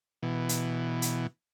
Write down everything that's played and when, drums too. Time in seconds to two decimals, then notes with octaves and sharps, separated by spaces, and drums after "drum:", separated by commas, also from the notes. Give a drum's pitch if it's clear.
0.23 B2 E3
0.49 drum: hi-hat
1.02 drum: hi-hat